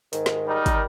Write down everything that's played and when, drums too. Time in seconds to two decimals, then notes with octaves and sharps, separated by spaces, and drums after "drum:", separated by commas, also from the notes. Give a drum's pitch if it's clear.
0.13 G#2 D#3, drum: hi-hat
0.26 drum: snare
0.47 G3 D#4 A#4
0.66 drum: kick, hi-hat